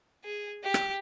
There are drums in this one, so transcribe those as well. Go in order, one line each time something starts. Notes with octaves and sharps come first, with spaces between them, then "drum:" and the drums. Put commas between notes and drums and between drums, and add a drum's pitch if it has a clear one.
G#4
G4
drum: rim click